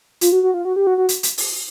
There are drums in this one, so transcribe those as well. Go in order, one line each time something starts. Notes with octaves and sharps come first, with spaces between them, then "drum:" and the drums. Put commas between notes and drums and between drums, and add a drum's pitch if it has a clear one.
F4, drum: hi-hat
F#4
F#4
F4
F#4
G4
F#4
F#4
drum: hi-hat
drum: hi-hat
drum: open hi-hat